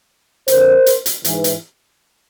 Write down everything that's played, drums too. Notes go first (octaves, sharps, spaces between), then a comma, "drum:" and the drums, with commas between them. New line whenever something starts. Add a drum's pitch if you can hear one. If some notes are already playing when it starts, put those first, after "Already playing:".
F2 D3 A#4 C5, drum: hi-hat
drum: hi-hat
drum: hi-hat
G#2 E3, drum: hi-hat
drum: hi-hat